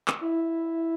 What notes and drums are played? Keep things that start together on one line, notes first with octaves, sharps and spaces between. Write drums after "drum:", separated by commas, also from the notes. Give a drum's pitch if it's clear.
drum: clap
E4